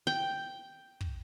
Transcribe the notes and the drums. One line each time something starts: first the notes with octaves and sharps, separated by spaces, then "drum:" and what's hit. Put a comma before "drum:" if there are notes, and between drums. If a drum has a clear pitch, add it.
G5
drum: kick